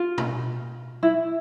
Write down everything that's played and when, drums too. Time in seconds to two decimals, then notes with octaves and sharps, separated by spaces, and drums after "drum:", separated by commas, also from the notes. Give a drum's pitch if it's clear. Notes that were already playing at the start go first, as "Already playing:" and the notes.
Already playing: F4
0.18 drum: tom B2
1.03 E4